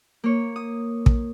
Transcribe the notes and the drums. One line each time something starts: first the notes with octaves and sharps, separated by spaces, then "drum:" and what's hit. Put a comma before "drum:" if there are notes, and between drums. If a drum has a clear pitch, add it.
A#3 C#5
D#6
drum: kick